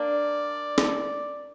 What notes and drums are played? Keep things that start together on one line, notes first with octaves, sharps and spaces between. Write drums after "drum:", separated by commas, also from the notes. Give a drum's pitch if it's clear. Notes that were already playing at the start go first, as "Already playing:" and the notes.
Already playing: A#3 D4 D5
drum: snare